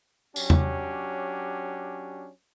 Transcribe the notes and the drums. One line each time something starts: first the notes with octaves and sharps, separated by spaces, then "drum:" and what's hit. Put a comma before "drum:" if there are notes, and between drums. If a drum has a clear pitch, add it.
F#3 C#4 D4 G4, drum: tambourine
drum: tom E2